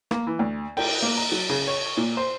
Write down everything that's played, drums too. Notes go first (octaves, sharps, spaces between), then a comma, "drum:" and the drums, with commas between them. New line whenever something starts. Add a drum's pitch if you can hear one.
A#3, drum: rim click
E3
D2
G5, drum: cymbal
A#3
A#5
F#3
C#3
C#5
A#2
C5